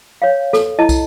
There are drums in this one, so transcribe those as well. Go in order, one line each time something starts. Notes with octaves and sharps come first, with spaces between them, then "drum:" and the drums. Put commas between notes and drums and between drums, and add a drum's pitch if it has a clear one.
C#5 F5
A4, drum: snare
E4 D#5 A5
drum: kick, tambourine